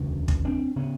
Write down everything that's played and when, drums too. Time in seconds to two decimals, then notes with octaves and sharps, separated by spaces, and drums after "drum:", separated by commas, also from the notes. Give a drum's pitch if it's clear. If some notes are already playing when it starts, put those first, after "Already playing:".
Already playing: E1 D2 C#3
0.28 drum: kick
0.45 C4 D4
0.76 C#3 B3 C#4